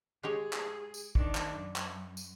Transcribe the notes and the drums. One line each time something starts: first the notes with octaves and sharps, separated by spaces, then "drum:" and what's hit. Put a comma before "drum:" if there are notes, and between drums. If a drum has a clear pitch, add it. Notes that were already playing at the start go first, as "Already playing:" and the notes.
G#3 G4 G#4 C#5
drum: clap
drum: tambourine
D#3 D4, drum: kick
drum: clap
F#2
drum: clap
drum: tambourine